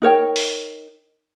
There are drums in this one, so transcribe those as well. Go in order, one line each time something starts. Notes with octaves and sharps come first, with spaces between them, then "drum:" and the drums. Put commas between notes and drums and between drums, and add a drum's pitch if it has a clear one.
D#4 A#4 C#5 G5
drum: open hi-hat